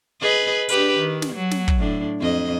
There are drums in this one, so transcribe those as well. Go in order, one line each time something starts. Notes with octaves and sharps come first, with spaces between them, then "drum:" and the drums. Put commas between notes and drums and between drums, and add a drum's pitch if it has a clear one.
G#4 B4 D#5
D4 G4 B4, drum: hi-hat
D#3
drum: snare
F#3
drum: snare
drum: kick
A2 D4
F2 D#5